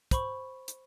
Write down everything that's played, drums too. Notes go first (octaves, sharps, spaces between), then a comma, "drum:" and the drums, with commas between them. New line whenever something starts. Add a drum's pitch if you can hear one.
C5 B5 C#6, drum: kick, hi-hat
drum: hi-hat